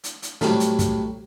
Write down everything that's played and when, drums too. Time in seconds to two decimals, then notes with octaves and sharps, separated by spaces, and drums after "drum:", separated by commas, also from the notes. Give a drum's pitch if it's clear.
0.04 drum: hi-hat
0.22 drum: hi-hat
0.41 A2 C3 F#3 G3, drum: snare
0.60 drum: hi-hat
0.79 drum: kick, hi-hat